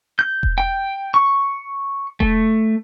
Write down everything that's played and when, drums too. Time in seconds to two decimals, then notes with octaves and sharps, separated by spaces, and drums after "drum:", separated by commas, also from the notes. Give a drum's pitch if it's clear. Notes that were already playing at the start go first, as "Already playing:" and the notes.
0.19 G6
0.43 drum: kick E1
0.58 G5
1.14 C#6
2.20 A3, drum: kick E1